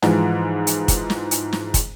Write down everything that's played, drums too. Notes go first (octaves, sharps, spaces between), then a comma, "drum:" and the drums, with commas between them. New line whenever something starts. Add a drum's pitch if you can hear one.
G#2 E3 F3 G#3, drum: snare
drum: hi-hat
drum: kick, hi-hat
drum: snare
drum: hi-hat
drum: snare
drum: kick, hi-hat